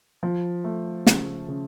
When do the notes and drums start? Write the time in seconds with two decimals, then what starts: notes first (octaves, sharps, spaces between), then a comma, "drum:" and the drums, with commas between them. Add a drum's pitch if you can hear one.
0.23 F3
0.64 A3
1.07 C#3, drum: snare
1.48 C#3